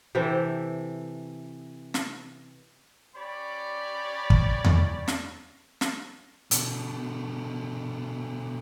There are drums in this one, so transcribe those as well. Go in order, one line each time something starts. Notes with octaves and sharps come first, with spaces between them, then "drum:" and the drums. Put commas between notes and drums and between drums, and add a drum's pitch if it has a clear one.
C3 E3 A4 G5
drum: snare
C#4 G4 C#5 D5 B5
drum: kick
drum: tom E2
drum: snare
drum: snare
B2 D3, drum: hi-hat